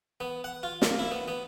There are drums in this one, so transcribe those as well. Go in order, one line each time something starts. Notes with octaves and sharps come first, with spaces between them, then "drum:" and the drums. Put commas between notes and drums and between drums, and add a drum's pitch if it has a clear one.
B3
F#5
F4
A#3, drum: snare
E4
B3
B3